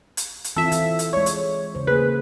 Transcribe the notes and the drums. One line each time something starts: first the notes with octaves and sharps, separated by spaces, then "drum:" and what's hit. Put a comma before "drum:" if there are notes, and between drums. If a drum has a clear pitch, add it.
drum: hi-hat
drum: hi-hat
E3 C4 F4 A4 E5
E3, drum: hi-hat
drum: hi-hat
G#3 C#5 D5
drum: hi-hat
C#3 C5
A#3 G#4 B4